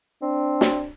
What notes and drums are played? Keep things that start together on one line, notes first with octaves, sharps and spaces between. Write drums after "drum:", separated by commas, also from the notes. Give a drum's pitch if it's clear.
C4 D4
drum: snare